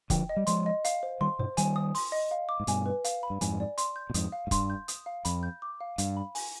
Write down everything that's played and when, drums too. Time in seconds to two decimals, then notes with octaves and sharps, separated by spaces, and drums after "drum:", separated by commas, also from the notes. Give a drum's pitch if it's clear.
0.10 D3 F3 G5, drum: kick, hi-hat
0.29 D#5
0.37 G3
0.47 F3 G#3 C6, drum: hi-hat
0.66 D#5
0.85 F5, drum: hi-hat
1.03 C5
1.21 D#3 G3 C6
1.39 G2 B2 C5
1.57 D#3 G3 G#5, drum: hi-hat
1.76 D#6
1.95 C6, drum: open hi-hat
2.12 D#5
2.31 F5
2.49 D6
2.60 G#2
2.67 G2 B2 G#5, drum: hi-hat
2.86 B4
3.04 F5, drum: hi-hat
3.23 B5
3.30 G2
3.41 F2 G#2 G#5, drum: hi-hat
3.60 D5
3.78 C6, drum: hi-hat
3.96 G6
4.10 B2
4.14 F2 G#2 D#6, drum: hi-hat
4.32 F5
4.47 G#2
4.51 G2 C6, drum: kick, hi-hat
4.70 G6
4.88 D#6, drum: hi-hat
5.06 F5
5.25 F2 B5, drum: hi-hat
5.43 G6
5.62 D6
5.81 F5
5.98 G2 F5, drum: hi-hat
6.17 B5
6.35 G#5, drum: open hi-hat